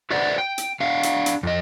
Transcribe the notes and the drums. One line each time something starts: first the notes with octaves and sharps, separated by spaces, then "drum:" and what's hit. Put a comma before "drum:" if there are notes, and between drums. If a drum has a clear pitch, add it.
F#4 B4 C5 D5 E5 F#5
G5
drum: hi-hat
D4 F5 F#5
drum: hi-hat
drum: hi-hat
F2 D#5